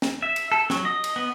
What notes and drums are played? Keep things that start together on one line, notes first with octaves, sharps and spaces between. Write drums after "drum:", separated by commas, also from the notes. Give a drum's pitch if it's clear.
drum: snare
E5
drum: cymbal
A4
F#3, drum: snare
D#5
drum: cymbal
B3